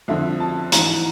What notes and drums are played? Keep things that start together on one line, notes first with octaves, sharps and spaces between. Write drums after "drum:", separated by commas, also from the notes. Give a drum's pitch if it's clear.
F2 D3 F3 E5
A5
G#2 E3 A#5, drum: hi-hat